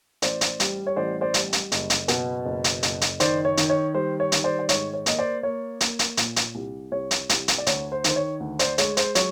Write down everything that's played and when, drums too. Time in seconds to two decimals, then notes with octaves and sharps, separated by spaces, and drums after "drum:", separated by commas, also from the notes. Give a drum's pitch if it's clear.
0.22 A1 C5 D5, drum: hi-hat
0.41 drum: hi-hat
0.60 G3, drum: hi-hat
0.87 C#5
0.96 A1 C5 D5
1.21 C5 D5
1.34 G3, drum: hi-hat
1.53 drum: hi-hat
1.72 F#1, drum: hi-hat
1.90 drum: hi-hat
2.08 B2, drum: hi-hat
2.46 F#1
2.64 drum: hi-hat
2.83 F#1, drum: hi-hat
3.01 drum: hi-hat
3.20 D#3 C5 D5, drum: hi-hat
3.45 C#5
3.57 D#3, drum: hi-hat
3.70 C#5
3.94 G3 C5
4.20 C#5
4.32 D#3, drum: hi-hat
4.44 C5 D5
4.59 D5
4.69 G#2 C#5, drum: hi-hat
4.94 C#5
5.06 A#3 D#5, drum: hi-hat
5.18 C5 D5
5.43 A#3 C#5
5.81 A#3, drum: hi-hat
5.99 drum: hi-hat
6.17 A#2, drum: hi-hat
6.36 drum: hi-hat
6.55 C2
6.92 C2 C#5
7.11 drum: hi-hat
7.29 C2, drum: hi-hat
7.48 drum: hi-hat
7.58 D5
7.67 D2 C#5, drum: hi-hat
7.92 C5
8.04 D#3 C5, drum: hi-hat
8.16 C#5
8.40 D2
8.59 C5 D5, drum: hi-hat
8.78 G#3 C#5, drum: hi-hat
8.97 C5, drum: hi-hat
9.15 F#3 C#5, drum: hi-hat